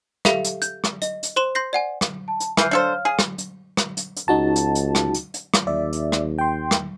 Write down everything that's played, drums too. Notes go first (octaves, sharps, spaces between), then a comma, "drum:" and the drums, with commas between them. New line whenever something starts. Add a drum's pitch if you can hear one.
G4 A4 E5 F5, drum: rim click
drum: hi-hat
G6, drum: hi-hat
drum: rim click
D#5, drum: hi-hat
drum: hi-hat
C5 C6 E7 G7
C6 G6 A#6 C7
D5 F#5 G#5
drum: rim click
A5
drum: hi-hat
E3 F6 G6 C7, drum: rim click
D4 A4 C5 C#5 F5 F6
G#4
drum: rim click
drum: hi-hat
drum: rim click
drum: hi-hat
drum: hi-hat
C#2 D#4 F#4 A5
drum: hi-hat
drum: hi-hat
drum: rim click
drum: hi-hat
drum: hi-hat
drum: rim click
D#2 D5 E5
drum: hi-hat
drum: rim click
G5 C6
drum: rim click